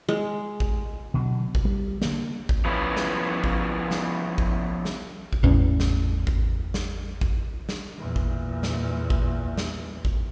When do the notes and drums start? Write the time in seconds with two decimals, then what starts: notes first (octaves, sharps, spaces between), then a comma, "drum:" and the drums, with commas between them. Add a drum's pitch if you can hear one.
0.09 G#3
0.60 drum: kick A1
1.14 B2 D3 F#3
1.55 drum: kick A1
1.65 G3
2.02 D3 A#3, drum: snare
2.49 drum: kick A1
2.65 F3 B3 C#4 E4
2.96 drum: snare
3.44 drum: kick A1
3.91 drum: snare
4.38 drum: kick A1
4.85 drum: snare
5.33 drum: kick A1
5.43 G#1 E2 A2 C#4
5.80 drum: snare
6.27 drum: kick A1
6.74 drum: snare
7.21 drum: kick A1
7.69 drum: snare
7.98 E2 A#2
8.16 drum: kick A1
8.63 drum: snare
9.10 drum: kick A1
9.58 drum: snare
10.05 drum: kick A1